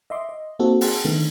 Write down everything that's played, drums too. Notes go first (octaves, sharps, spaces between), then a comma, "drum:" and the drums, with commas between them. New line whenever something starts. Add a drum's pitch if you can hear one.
D#5 E5 C6 D6
D#5
A#3 C4 D#4 F#4 A4
G#4 F#5 G5 A5 C6, drum: open hi-hat
D3 D#3 A3 B3